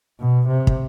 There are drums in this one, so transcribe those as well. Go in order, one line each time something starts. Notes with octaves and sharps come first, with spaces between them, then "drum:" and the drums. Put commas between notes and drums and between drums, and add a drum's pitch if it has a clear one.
B2
C3
drum: kick